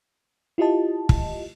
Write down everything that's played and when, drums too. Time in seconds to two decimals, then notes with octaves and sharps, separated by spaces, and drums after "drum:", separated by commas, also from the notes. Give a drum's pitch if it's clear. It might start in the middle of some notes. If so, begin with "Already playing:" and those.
0.58 E4 F4 G4 D#5 A5
1.09 drum: kick